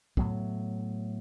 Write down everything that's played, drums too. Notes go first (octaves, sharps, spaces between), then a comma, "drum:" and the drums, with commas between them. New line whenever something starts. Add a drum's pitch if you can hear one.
A2 F#3 B3, drum: kick